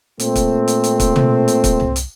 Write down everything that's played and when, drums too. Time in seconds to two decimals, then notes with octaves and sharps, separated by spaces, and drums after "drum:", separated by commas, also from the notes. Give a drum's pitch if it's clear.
0.20 A#2 A3 C4, drum: hi-hat
0.36 drum: kick, hi-hat
0.68 drum: hi-hat
0.84 drum: hi-hat
1.00 drum: kick, hi-hat
1.16 drum: tom
1.48 drum: hi-hat
1.64 drum: kick, hi-hat
1.80 drum: tom C2
1.96 drum: hi-hat